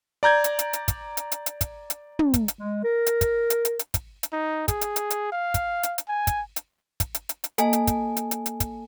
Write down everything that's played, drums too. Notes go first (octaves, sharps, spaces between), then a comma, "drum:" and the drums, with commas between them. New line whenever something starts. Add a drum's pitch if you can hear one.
D5 A#5 G6 G#6
drum: hi-hat
drum: hi-hat
drum: hi-hat
drum: kick, hi-hat
drum: hi-hat
drum: hi-hat
drum: hi-hat
drum: kick, hi-hat
drum: hi-hat
drum: tom
drum: kick, hi-hat
drum: hi-hat
G#3
A#4
drum: hi-hat
drum: kick, hi-hat
drum: hi-hat
drum: hi-hat
drum: hi-hat
drum: kick, hi-hat
drum: hi-hat
D#4
G#4, drum: kick, hi-hat
drum: hi-hat
drum: hi-hat
drum: hi-hat
F5
drum: kick, hi-hat
drum: hi-hat
drum: hi-hat
G#5
drum: kick, hi-hat
drum: hi-hat
drum: kick, hi-hat
drum: hi-hat
drum: hi-hat
drum: hi-hat
A#3 A4 D#5 G#5, drum: hi-hat
drum: hi-hat
drum: kick, hi-hat
drum: hi-hat
drum: hi-hat
drum: hi-hat
drum: kick, hi-hat